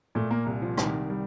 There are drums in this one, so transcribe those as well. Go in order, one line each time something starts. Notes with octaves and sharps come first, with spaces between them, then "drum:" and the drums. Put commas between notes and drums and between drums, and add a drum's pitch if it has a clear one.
A#2 A3
A#3
C2
F3
C2 D#3, drum: rim click
G3